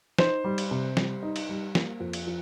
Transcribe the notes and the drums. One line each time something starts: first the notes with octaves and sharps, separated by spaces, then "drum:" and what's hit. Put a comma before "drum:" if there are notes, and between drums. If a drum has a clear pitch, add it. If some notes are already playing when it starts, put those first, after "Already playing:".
D#4 C5, drum: snare
G3
drum: cymbal
C3
G3, drum: snare
D#4
drum: cymbal
G3
A#3, drum: snare
F2
drum: cymbal
F3